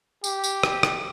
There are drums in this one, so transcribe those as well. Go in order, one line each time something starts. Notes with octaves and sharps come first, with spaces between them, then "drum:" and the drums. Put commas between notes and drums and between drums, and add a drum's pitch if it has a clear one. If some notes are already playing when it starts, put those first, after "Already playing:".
G4, drum: tambourine
drum: tambourine
drum: rim click
drum: rim click